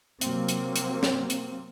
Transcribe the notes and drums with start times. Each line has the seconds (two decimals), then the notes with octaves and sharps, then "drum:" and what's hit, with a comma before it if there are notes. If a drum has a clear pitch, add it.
0.21 C3 F#3 A#3 C4, drum: hi-hat
0.48 drum: hi-hat
0.76 drum: hi-hat
1.03 drum: snare
1.30 drum: hi-hat